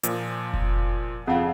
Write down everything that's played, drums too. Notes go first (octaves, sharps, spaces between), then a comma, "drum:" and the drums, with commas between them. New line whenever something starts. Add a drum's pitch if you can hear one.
A#2 F3, drum: hi-hat
drum: kick F1
F2 G#4 F5 F#5